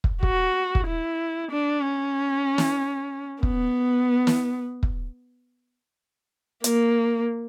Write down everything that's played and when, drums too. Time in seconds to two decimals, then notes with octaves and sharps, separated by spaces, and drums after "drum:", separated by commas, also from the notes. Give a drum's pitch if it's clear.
0.04 drum: kick
0.23 F#4, drum: kick
0.75 drum: kick
0.87 E4
1.51 D4
1.83 C#4
2.58 drum: snare
3.43 B3, drum: kick
4.27 drum: snare
4.83 drum: kick
6.64 A#3, drum: hi-hat